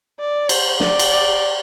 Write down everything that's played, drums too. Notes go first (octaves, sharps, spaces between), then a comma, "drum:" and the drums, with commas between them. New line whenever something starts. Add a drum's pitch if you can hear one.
D5
C5, drum: cymbal
D5, drum: snare
drum: cymbal
D5